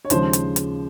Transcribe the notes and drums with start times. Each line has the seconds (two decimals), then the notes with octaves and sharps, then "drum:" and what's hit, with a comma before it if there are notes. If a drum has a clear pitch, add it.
0.05 C#5
0.10 D#2 C#3 F3 G#3 C5, drum: hi-hat
0.33 drum: hi-hat
0.56 drum: hi-hat